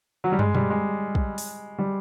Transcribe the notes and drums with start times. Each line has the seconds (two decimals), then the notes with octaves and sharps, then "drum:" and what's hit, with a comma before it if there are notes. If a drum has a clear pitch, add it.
0.24 F#3
0.32 G3
0.39 G#3, drum: tom
0.55 G3, drum: tom
0.70 G#3
1.15 drum: kick
1.38 drum: open hi-hat
1.78 G3